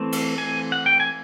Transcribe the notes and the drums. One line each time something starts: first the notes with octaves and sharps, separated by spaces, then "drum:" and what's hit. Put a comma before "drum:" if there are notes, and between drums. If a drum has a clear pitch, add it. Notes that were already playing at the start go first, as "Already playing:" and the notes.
Already playing: E3 A3 C4
drum: cymbal
G#5
F#5
G5
G#5